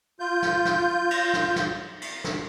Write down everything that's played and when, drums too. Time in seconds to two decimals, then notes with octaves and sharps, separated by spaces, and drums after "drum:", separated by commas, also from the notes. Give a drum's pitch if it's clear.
0.20 F4 G6
0.42 drum: snare
0.65 drum: snare
1.11 drum: cymbal
1.33 drum: snare
1.56 drum: snare
2.02 drum: cymbal
2.24 drum: snare